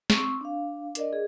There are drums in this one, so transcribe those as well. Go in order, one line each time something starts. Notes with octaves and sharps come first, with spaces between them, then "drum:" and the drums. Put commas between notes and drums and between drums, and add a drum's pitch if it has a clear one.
C4 C#6 E6, drum: snare
D4 F5
D4 A#4 D5 D#5, drum: hi-hat
G#4